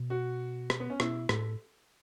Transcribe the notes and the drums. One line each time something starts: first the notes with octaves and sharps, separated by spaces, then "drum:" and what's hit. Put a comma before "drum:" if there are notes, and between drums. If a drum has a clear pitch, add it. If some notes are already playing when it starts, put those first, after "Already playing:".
Already playing: B2
F#4
drum: rim click
B3
C#4
B2 E4, drum: rim click
A2 A4, drum: rim click